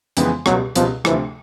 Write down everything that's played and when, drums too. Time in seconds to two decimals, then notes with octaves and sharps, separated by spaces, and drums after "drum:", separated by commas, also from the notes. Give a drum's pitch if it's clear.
0.17 F2 C#3 E3 G#3 B3, drum: hi-hat
0.46 C#2 B2 F#3 G3, drum: rim click
0.76 C#2 B2 F3 G3, drum: hi-hat
1.05 D2 C3 E3 F3 A3, drum: rim click